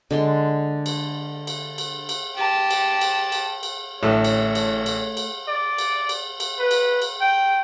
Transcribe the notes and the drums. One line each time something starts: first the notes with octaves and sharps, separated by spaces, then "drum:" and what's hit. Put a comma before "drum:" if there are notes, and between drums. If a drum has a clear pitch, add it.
D3 G#3 C6
drum: cymbal
drum: cymbal
drum: cymbal
drum: cymbal
G4 A5
drum: cymbal
drum: cymbal
drum: cymbal
drum: cymbal
A1 A2 D3 A3 A4 C#5
drum: cymbal
drum: cymbal
drum: cymbal
drum: cymbal
D5
drum: cymbal
drum: cymbal
drum: cymbal
B4
drum: cymbal
drum: cymbal
G5